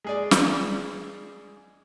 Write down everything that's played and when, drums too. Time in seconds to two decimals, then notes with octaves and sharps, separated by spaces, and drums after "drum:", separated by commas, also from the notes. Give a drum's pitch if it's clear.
0.04 G#3 G#4 D5
0.31 drum: snare